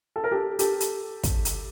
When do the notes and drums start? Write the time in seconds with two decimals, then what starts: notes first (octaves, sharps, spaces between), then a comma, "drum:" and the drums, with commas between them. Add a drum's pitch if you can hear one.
0.16 A4
0.24 A#4
0.31 G4 A4
0.59 G4 A4, drum: hi-hat
0.80 drum: hi-hat
1.23 drum: kick, hi-hat
1.45 drum: hi-hat